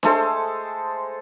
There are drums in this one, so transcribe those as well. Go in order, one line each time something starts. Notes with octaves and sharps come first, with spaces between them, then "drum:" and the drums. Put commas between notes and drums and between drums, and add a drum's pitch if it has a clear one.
G#3 A3 A4 C5, drum: snare D4